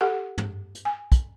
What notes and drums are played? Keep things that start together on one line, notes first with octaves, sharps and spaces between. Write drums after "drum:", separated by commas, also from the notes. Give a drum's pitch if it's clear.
G4 A4 F#5
drum: tom
drum: hi-hat
G#5
drum: kick, hi-hat